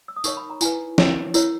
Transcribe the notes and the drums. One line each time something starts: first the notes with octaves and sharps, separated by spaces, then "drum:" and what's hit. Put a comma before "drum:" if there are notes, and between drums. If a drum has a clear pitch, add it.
E6
D#6
D#4 A#4 C#5 C#6, drum: tambourine
B5
A#5
E4 B4 G#5, drum: tambourine
E4 A#4 C#5, drum: snare
E4 A#4 C#5, drum: tambourine